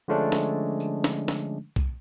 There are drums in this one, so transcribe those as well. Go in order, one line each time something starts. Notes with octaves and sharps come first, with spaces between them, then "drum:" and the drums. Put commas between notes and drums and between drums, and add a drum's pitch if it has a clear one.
D3 F3 G#3 A3 C#4 D4
drum: snare
drum: tambourine
drum: snare
drum: snare
drum: kick, tambourine